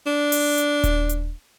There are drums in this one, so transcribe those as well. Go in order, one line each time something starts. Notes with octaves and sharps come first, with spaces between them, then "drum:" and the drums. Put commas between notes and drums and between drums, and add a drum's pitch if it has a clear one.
D4
drum: open hi-hat
drum: hi-hat
drum: kick D#1, hi-hat
drum: hi-hat